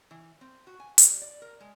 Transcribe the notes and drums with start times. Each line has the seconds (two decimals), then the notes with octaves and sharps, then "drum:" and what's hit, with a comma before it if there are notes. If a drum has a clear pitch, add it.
0.11 E3
0.41 C4
0.67 F#4
0.80 G#5
0.98 G3, drum: hi-hat
1.22 D5
1.42 A#4
1.60 G#3